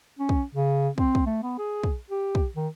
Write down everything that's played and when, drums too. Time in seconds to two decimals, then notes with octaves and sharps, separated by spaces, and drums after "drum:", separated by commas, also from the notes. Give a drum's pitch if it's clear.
0.19 C#4
0.29 drum: kick
0.55 C#3
0.98 C4, drum: kick
1.15 drum: kick
1.26 A3
1.43 B3
1.58 G#4
1.83 drum: kick
2.10 G4
2.35 drum: kick
2.56 D#3